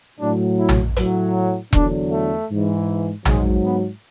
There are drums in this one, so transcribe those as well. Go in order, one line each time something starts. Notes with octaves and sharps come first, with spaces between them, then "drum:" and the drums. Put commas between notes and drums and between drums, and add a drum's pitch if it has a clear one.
A2 F#3 D4
E4
drum: tom A#1
A2 F#3, drum: hi-hat
E2 D3 F#3 D4, drum: kick E1
A3
G#2 E3
G#2 F#3 G#3, drum: tom A#1
B3